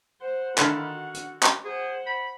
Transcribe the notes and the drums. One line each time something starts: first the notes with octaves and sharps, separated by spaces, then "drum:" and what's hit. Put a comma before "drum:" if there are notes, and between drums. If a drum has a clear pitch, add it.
C5 F#5
D3 D#3 E4 A4 F5, drum: clap
F#4
drum: hi-hat
drum: clap
G#4 C5 F#5
B5